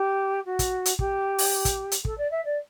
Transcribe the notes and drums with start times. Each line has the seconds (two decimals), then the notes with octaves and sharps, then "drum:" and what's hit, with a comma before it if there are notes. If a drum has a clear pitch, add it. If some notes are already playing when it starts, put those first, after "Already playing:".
Already playing: G4
0.45 F#4
0.59 drum: kick, hi-hat
0.86 drum: hi-hat
0.99 G4, drum: kick
1.39 drum: open hi-hat
1.65 drum: kick, hi-hat
1.92 drum: hi-hat
2.05 A4, drum: kick
2.18 D5
2.31 E5
2.45 D5